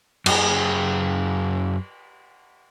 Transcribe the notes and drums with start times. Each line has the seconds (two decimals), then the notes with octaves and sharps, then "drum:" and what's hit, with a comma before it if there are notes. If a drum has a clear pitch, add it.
0.26 F#2 G#4, drum: cymbal